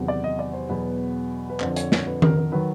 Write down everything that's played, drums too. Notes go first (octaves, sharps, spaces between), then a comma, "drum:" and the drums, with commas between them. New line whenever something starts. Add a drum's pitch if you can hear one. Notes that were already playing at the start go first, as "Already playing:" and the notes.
Already playing: E2 C3 D#3 F#3
D5
D#5
D5
C5
E2 B2 F#3 B4
B4
F2 D3 F3 C5, drum: clap
C#5, drum: hi-hat
C#5, drum: snare
B4
A#4, drum: tom D#3
A#4
D#3 F#3 B4